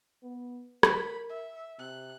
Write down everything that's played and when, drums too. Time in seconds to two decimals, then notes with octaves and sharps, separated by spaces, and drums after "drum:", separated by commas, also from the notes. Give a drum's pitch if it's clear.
0.23 B3
0.83 A#4 B5, drum: rim click
1.29 E5
1.79 C3 F#6